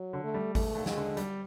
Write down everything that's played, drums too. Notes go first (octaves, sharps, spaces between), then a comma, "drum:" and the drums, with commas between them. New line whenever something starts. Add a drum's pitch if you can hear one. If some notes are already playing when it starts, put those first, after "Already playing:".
Already playing: F#3
D3
A3
G3
E1 A3, drum: kick G#1, open hi-hat
D#2
G#3, drum: snare
D3
G3, drum: hi-hat